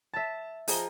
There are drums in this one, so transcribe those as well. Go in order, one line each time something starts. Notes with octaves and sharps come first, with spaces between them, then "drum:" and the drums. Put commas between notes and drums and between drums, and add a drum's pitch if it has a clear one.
E5 A5 A6
F3 G#4 D#5 A#5 G7, drum: open hi-hat